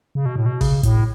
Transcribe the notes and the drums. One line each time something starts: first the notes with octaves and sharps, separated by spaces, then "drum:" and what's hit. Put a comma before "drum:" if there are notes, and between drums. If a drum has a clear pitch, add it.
C#3
B2
A2
B2
C#3, drum: kick, open hi-hat
A2, drum: kick, hi-hat